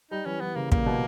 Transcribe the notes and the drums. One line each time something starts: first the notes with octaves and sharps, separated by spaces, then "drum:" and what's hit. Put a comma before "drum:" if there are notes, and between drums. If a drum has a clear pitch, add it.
G3 D#4
E3 C#4
E3 B3
C#3 A#3
A#2 A#3, drum: kick
B2